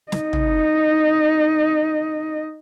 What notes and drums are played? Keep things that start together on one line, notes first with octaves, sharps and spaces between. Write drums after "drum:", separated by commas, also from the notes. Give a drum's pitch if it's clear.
D#4 D#5, drum: snare
drum: tom